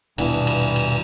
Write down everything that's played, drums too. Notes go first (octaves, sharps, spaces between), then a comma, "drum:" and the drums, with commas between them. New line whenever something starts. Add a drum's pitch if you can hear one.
D#1 G2 B2 E3 B3 D4 E4, drum: cymbal
drum: cymbal
drum: cymbal